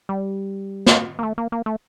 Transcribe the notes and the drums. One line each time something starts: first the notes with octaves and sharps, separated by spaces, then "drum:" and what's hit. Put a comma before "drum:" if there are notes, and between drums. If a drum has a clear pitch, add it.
G3
drum: snare
A#3
A3
A#3
A#3
A3